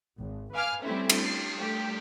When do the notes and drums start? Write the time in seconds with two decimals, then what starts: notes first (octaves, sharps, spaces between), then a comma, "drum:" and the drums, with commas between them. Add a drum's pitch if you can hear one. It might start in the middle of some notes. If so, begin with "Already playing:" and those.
0.18 G#1
0.52 B4 F5 G#5 D6 F6
0.82 G3 A3 C4 C#4 E4
1.10 drum: cymbal
1.25 C7
1.55 G3 A3 G4